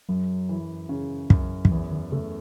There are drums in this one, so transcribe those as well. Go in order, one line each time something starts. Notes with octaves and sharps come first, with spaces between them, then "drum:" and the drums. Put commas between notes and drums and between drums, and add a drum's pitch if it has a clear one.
F#2 F#3
E3
C#3
F#2, drum: kick
F#3, drum: kick
E2 E3
D#3
C#3 A3